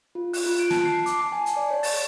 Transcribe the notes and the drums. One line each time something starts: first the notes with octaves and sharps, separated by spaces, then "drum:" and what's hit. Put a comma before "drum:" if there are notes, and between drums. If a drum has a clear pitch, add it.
F4
F#6, drum: open hi-hat
F4
D7
A5, drum: snare
C7
D6, drum: hi-hat
A5
G#5
drum: hi-hat
D5
C#5
A6, drum: open hi-hat